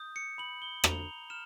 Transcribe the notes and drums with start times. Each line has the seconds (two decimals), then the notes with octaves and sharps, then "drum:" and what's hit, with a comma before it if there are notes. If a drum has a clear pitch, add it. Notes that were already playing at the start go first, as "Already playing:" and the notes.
Already playing: D#6 G6
0.16 C#7
0.38 B5 F#7
0.62 G7
0.84 A#5 F7, drum: rim click
1.30 F6 E7